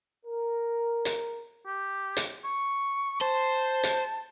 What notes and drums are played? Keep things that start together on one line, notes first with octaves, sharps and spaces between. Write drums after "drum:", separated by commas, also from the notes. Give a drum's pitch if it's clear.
A#4
drum: hi-hat
G4
drum: hi-hat
C#6
C5 A5
drum: hi-hat